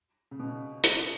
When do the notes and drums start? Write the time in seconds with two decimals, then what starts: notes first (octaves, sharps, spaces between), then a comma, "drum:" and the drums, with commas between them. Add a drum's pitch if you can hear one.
0.31 C#3
0.39 B2
0.48 C#3
0.84 drum: hi-hat